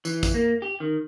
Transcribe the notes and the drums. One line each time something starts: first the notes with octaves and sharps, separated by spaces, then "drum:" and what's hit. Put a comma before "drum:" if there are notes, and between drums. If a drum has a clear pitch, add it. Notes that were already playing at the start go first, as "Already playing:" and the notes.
E3, drum: tambourine
drum: kick, tambourine
A#3
G4
D#3